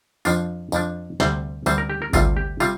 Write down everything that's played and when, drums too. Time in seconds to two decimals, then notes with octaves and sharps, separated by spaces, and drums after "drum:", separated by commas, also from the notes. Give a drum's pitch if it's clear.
0.25 F2 F3 D4 F4, drum: tambourine
0.72 F2 F3 D4, drum: tambourine
1.20 D2 C3 G3 C4 C5, drum: snare
1.66 D2 C3 G3 C4 C5, drum: tambourine
1.78 A#4
1.90 G4
2.02 A#4
2.13 D2 C3 G3 C4 F4, drum: kick G#1, tambourine
2.37 G4
2.60 C3 G3 C4 F4, drum: tambourine